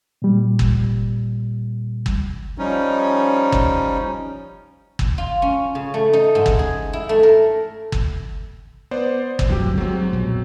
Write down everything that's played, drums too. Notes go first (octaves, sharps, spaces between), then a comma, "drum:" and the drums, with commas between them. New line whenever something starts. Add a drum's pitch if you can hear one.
A#2 G3
drum: kick
drum: kick
F3 G3 C#4 D#4
drum: kick
drum: kick
F4
C#4
C#3
A3
D#4
G#2
drum: kick
G#4
E4
A3
A#4
drum: kick
B3 C5 D5
drum: kick
G1 D2 C3 F#3 G4
F#3 G#3 C4
A#1 F2 B2